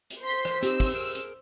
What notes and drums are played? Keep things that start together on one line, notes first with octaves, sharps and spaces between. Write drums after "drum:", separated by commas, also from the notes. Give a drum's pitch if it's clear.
drum: hi-hat
C5 C6 B6
drum: rim click
C4 D#4 G4 E6, drum: hi-hat
drum: kick, open hi-hat
G#4 A#4
drum: hi-hat